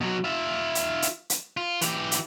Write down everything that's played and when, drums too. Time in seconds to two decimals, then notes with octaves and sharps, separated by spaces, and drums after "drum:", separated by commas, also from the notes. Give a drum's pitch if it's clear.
0.01 B2 F#3
0.24 F4 E5
0.75 drum: hi-hat
1.02 drum: hi-hat
1.30 drum: hi-hat
1.57 F4
1.81 E3 G4, drum: hi-hat
2.12 drum: hi-hat